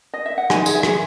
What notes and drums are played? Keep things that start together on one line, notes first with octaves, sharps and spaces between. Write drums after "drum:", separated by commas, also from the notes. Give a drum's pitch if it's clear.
D#5
E5
F#5
D#4 G#5, drum: rim click
G#4, drum: tambourine
E5
G#4, drum: rim click